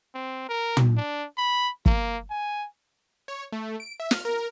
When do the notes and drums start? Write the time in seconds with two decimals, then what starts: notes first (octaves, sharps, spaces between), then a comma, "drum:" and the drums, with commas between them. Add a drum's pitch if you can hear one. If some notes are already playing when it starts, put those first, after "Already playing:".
0.15 C4
0.49 A#4
0.77 drum: tom
0.97 D4
1.38 B5
1.86 A#3, drum: kick
2.30 G#5
3.28 C#5
3.52 A3
3.80 D7
4.00 E5
4.11 F6, drum: snare
4.25 A#4